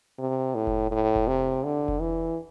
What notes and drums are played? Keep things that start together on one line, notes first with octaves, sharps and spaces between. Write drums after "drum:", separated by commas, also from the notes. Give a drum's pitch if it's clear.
C3
A2
drum: kick F1
A2
drum: kick F1
C3
D3
drum: kick F1
E3